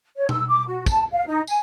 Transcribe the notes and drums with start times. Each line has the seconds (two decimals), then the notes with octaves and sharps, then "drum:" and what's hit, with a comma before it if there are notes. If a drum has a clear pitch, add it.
0.16 C#5
0.29 E6, drum: tom B2
0.48 D6
0.66 F#4
0.86 A5, drum: kick, tambourine
1.11 F5
1.26 D#4
1.47 G#5, drum: tambourine